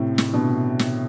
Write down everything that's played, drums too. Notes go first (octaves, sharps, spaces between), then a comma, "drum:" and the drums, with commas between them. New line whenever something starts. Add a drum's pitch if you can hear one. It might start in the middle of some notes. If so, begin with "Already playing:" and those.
Already playing: A2 C3
drum: snare
B2 D3
drum: snare